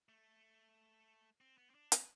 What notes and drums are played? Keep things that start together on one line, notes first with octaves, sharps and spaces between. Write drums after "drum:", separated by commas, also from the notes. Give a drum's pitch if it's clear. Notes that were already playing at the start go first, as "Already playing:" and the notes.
A3
C4
B3
C4
D4
B4, drum: hi-hat